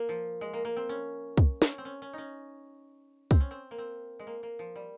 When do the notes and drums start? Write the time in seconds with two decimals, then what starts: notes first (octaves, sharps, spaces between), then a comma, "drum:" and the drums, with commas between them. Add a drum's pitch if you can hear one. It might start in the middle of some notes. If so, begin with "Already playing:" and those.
Already playing: A#3
0.09 F3
0.41 G#3
0.53 A#3
0.65 A#3
0.77 C4
0.89 C#4
1.38 drum: kick
1.62 C#4, drum: snare
1.78 C4
1.85 C#4
2.02 C#4
2.13 C#4 D#4
3.31 C4, drum: kick
3.40 C#4
3.51 C4
3.71 A#3
3.78 C4
4.20 G#3
4.27 A#3
4.43 A#3
4.59 F3
4.76 G3